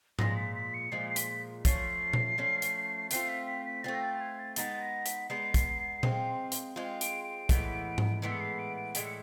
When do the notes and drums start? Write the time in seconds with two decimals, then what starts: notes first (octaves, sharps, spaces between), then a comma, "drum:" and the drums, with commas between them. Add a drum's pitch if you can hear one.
0.19 A#2 F3 G#3 A#6, drum: tom G#2
0.37 B6
0.55 B6
0.74 C#7
0.92 A#2 F3 G#3 C7
1.10 C7
1.16 B6, drum: hi-hat
1.65 F3 A3 C#4 C7, drum: kick, hi-hat
2.13 drum: tom A#2
2.38 F3 A3 C#4
2.62 drum: hi-hat
3.11 A3 C4 F4 C7, drum: hi-hat
3.29 B6
3.47 B6
3.66 B6
3.84 A3 C4 F4 A6
3.94 A#6
4.02 A6
4.14 A6
4.21 G#6
4.39 A6
4.56 G#3 B3 D#4 A6, drum: hi-hat
4.82 A#6
5.06 B6, drum: hi-hat
5.29 G#3 B3 D#4 C7
5.54 drum: kick, hi-hat
6.03 G#3 C4 F4, drum: tom A#2
6.52 drum: hi-hat
6.76 G#3 C4 F4
7.01 D7, drum: hi-hat
7.24 D7
7.49 A2 E3 G#3 B3, drum: kick, hi-hat
7.98 drum: tom G#2
8.22 A2 E3 G#3 B3 D7
8.32 C#7
8.40 C7
8.59 D7
8.77 D7
8.95 A2 E3 G#3 D7, drum: hi-hat
9.06 C#7